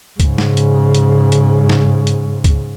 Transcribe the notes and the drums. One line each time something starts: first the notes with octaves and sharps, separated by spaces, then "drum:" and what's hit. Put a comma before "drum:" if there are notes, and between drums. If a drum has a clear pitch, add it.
G#2 C#3, drum: kick C#2, hi-hat
drum: snare
drum: hi-hat
drum: hi-hat
drum: hi-hat
drum: snare
drum: hi-hat
drum: kick C#2, hi-hat